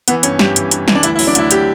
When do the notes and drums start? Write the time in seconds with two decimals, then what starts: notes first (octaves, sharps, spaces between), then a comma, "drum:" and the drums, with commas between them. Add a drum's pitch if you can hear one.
0.08 E3 B3, drum: hi-hat
0.23 G2 C#4, drum: hi-hat
0.39 G2 G4, drum: snare
0.56 E3, drum: hi-hat
0.71 G2, drum: hi-hat
0.88 E3, drum: snare
0.95 D4
1.03 D2 E4, drum: hi-hat
1.15 E4
1.19 F#3, drum: open hi-hat
1.27 D4
1.35 D2 E4, drum: hi-hat
1.51 F#3 G4, drum: hi-hat